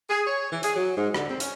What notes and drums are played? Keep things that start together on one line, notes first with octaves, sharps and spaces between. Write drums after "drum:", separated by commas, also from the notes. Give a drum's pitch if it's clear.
G#4
C#5
E3
G#4, drum: hi-hat
F#3
G#2
D3, drum: rim click
C4
C#4, drum: hi-hat